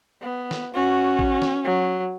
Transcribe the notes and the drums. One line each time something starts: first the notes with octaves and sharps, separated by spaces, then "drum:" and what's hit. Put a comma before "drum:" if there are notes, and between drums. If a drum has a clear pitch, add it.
B3
drum: snare
C#4 F#4
drum: kick A1
drum: snare
F#3